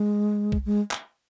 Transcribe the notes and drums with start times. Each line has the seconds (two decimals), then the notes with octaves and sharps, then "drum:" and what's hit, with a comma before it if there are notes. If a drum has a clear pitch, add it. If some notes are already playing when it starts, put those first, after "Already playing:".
Already playing: G#3
0.52 drum: kick B1
0.66 G#3
0.91 drum: clap